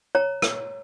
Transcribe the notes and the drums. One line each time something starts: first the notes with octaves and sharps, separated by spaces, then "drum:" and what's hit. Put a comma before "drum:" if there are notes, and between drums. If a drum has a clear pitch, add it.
C#5 A#5
drum: rim click